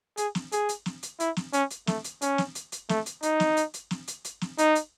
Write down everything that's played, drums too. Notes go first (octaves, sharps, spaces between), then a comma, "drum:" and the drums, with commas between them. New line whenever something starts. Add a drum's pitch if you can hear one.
G#4, drum: hi-hat
drum: snare
G#4, drum: hi-hat
drum: hi-hat
drum: snare
drum: hi-hat
E4, drum: hi-hat
drum: snare
C#4, drum: hi-hat
drum: hi-hat
A3, drum: snare
drum: hi-hat
C#4, drum: hi-hat
drum: snare
drum: hi-hat
drum: hi-hat
A3, drum: snare
drum: hi-hat
D#4, drum: hi-hat
drum: snare
drum: hi-hat
drum: hi-hat
drum: snare
drum: hi-hat
drum: hi-hat
drum: snare
D#4, drum: hi-hat
drum: hi-hat